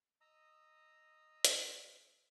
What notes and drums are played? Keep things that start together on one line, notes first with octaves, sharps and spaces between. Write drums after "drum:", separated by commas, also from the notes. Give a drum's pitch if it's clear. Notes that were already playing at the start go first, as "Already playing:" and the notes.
D#5 A#5 D#6 E6
drum: hi-hat